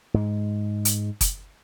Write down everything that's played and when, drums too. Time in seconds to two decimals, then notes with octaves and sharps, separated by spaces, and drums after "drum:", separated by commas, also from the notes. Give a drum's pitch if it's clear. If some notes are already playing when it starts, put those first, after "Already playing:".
0.14 G#2 G#3
0.85 drum: hi-hat
1.21 drum: kick F#1, hi-hat